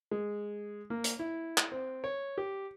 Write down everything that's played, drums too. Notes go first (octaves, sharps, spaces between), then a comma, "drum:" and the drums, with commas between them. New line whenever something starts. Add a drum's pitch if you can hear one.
G#3
A#3
drum: hi-hat
E4
drum: clap
C4
C#5
G4